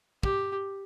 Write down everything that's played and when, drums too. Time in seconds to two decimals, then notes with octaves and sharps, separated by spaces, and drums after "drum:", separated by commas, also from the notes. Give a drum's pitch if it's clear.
0.23 G4, drum: kick